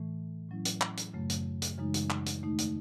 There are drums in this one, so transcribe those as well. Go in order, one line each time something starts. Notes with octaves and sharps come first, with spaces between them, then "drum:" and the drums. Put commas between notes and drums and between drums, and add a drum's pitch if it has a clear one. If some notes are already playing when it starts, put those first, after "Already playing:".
Already playing: A2 E3 A3
A2 F#3 C#4 E4
drum: hi-hat
drum: clap
drum: hi-hat
F#2 C#3 F#3 A3
drum: hi-hat
drum: hi-hat
F#2 C#3 E3 G#3 D#4
drum: hi-hat
drum: clap
drum: hi-hat
E2 D#3 A3 D#4
drum: hi-hat